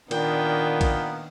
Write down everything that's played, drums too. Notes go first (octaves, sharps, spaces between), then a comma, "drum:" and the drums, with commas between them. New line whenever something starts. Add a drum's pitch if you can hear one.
A#2 D#3 A#3 B3 D4 G5, drum: cymbal
drum: kick A#1, cymbal